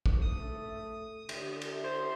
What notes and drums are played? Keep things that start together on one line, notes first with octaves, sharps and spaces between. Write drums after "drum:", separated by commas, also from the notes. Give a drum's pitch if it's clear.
drum: kick A#1
A3 D#6
D3, drum: cymbal
drum: cymbal
C5